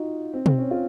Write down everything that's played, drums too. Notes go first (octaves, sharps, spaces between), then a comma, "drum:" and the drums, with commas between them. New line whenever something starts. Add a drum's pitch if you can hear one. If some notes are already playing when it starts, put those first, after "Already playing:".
Already playing: D#4 F4 F#4
C4
C4, drum: tom B2
C#4
F4